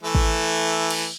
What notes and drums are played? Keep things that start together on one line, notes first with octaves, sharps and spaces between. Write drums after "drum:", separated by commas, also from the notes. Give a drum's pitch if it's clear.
E3 A3
drum: kick G#1
drum: cymbal